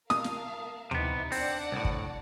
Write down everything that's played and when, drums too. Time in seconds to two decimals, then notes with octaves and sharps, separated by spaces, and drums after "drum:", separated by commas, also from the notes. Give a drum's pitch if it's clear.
0.10 A#4 F5 A5 D#6, drum: snare
0.24 drum: snare
0.91 C3 B3 D#4 E4, drum: tom D2
1.32 C4 D4 D5 F#5, drum: open hi-hat
1.72 C2 A2
1.85 drum: kick